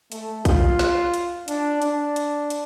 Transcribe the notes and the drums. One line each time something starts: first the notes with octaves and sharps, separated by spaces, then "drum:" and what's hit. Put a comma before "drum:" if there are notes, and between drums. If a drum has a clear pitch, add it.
A3, drum: hi-hat
F4, drum: kick A#1, hi-hat
drum: snare
drum: hi-hat
D4, drum: hi-hat
D4, drum: hi-hat
drum: hi-hat
drum: hi-hat